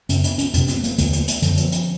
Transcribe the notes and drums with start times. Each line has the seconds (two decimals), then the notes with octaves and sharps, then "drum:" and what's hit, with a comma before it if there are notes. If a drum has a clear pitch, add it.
0.09 F#2 C#3 C#4, drum: hi-hat
0.24 D4, drum: hi-hat
0.38 C#4, drum: hi-hat
0.54 F2 C3 D4, drum: hi-hat
0.68 C#4, drum: hi-hat
0.77 B3
0.84 A#3, drum: hi-hat
0.98 D#2 D3 A3, drum: hi-hat
1.13 drum: hi-hat
1.27 drum: hi-hat
1.42 F#2 D3 F3, drum: hi-hat
1.57 drum: hi-hat
1.72 drum: hi-hat